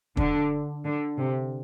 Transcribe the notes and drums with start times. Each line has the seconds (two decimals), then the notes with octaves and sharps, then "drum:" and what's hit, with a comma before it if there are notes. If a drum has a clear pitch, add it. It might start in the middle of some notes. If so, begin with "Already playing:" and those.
0.17 D3, drum: kick
0.84 D3
1.17 C3